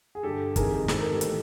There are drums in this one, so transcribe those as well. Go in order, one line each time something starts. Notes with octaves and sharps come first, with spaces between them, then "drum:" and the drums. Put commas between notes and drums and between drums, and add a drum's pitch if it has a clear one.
G#4
G2 D3 G4 A4
F2 C3 D#3 G#4 A#4, drum: kick, hi-hat
G#2 D#3 A4, drum: snare
A#4
G4 A4
A2 E3, drum: hi-hat